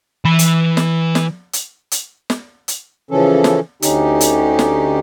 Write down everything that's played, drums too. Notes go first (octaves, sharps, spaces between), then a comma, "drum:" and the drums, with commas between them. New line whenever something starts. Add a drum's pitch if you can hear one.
E3 B5
drum: hi-hat
drum: snare
drum: snare
drum: hi-hat
drum: hi-hat
drum: snare
drum: hi-hat
C#3 E3 F3 C#4 A4
drum: snare
D2 D3 C#4 D#4 G4, drum: hi-hat
drum: hi-hat
drum: snare